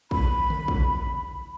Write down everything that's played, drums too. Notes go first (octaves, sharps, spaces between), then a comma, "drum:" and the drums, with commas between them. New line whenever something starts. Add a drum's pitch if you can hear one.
B5, drum: kick
drum: tom C#3
drum: kick